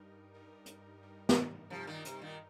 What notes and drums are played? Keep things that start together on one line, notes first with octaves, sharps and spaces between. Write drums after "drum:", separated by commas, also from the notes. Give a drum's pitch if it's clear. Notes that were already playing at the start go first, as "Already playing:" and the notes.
Already playing: G2 G3 D#4 A#4
G2 G3 D#4 A#4
drum: hi-hat
G2 G3 D#4 A#4
drum: snare
G2 C3 F3 G3 D#4 A#4
A#2 D#3
C3, drum: hi-hat
A#2 D#3